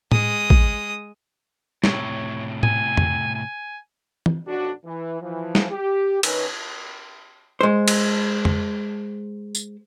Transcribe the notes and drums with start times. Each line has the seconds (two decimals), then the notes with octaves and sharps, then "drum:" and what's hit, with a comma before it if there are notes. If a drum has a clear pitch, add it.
0.12 G#3 D#6, drum: tom A2
0.50 drum: kick
1.84 A2 C3 C#5, drum: snare
2.63 G#5, drum: tom A2
2.97 drum: tom F2
3.35 G#5
4.26 drum: tom
4.47 B1 F2 D4 F#4
4.84 E3
5.21 E3 F3
5.55 drum: snare
5.71 G4
6.23 D#3 C#4 B4, drum: cymbal
7.61 G#3 C5
7.88 drum: cymbal
8.45 drum: tom F2
9.55 drum: tambourine